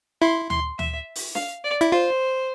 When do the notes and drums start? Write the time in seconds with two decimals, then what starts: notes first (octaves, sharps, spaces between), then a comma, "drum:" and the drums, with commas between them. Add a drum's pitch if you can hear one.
0.22 E4 C6
0.50 C6, drum: tom D2
0.79 E5, drum: tom D2
1.15 drum: open hi-hat
1.35 F5, drum: snare
1.64 D5
1.81 E4, drum: hi-hat
1.92 F4 C5